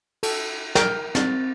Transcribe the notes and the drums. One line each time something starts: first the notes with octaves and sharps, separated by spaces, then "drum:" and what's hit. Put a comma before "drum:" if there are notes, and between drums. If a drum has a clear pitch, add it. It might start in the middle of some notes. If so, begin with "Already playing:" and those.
A4, drum: cymbal
A#4 G5, drum: snare
C4 A6, drum: snare